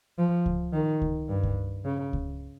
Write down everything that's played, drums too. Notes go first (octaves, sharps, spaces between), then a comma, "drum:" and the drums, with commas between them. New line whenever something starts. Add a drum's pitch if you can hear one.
F3
drum: kick C#2
D#3
drum: kick C#2
G2
drum: kick C#2
C#3
drum: kick C#2